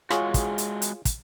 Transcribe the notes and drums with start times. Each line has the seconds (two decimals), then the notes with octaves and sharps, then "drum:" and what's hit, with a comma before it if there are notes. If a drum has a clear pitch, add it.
0.10 G#3 F4 F#4 G#4 C#5, drum: rim click
0.34 drum: kick, hi-hat
0.58 drum: hi-hat
0.82 drum: hi-hat
1.05 drum: kick, hi-hat